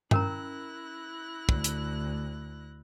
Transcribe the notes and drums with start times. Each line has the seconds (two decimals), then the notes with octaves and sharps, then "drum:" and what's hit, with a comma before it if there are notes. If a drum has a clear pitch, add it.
0.11 C#4 E4 A#4 A#5 F#6 A#6, drum: tom G2
1.49 D2, drum: kick
1.64 drum: hi-hat